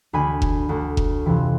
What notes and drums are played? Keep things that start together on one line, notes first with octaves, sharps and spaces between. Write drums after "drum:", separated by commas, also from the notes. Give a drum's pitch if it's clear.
D2 D3 G#5 B5
drum: kick F1
D2 D3
drum: kick F1
F2 C3 E3